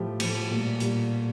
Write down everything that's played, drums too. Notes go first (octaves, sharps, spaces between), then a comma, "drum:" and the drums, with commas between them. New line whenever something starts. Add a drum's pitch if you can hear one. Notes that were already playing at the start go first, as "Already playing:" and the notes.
Already playing: A2 F3 G4
A2 F3, drum: cymbal
A#2 G3
A#2 G3, drum: hi-hat